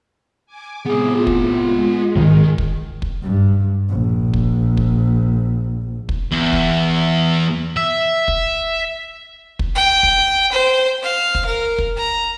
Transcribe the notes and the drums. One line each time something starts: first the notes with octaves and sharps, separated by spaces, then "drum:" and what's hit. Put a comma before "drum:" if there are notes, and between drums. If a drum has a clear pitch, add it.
G#5 D6
A2 C3 B3 G#4 F5
F4
drum: kick
G#3
D1 G#1 D#3
drum: kick
drum: kick
G2
A#1
drum: kick
drum: kick
drum: kick
E2
drum: kick
E5
drum: kick
drum: kick
G5
drum: kick
C5
F5
drum: kick
A#4
drum: kick
A#5